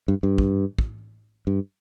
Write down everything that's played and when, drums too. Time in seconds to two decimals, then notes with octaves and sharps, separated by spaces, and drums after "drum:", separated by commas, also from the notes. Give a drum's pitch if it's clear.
0.08 G2
0.23 G2
0.38 drum: kick
0.79 drum: kick
1.47 G2